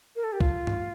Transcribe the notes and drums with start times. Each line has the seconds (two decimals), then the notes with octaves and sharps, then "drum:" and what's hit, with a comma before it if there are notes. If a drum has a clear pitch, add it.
0.16 A#4
0.24 A4
0.33 G4
0.40 F4, drum: kick
0.67 drum: tom G2